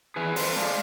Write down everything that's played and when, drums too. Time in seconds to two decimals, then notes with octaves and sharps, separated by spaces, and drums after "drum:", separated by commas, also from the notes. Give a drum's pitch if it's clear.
0.16 E3 G#4 B4
0.36 F2 A4 C5, drum: open hi-hat
0.56 G#3 D5 F5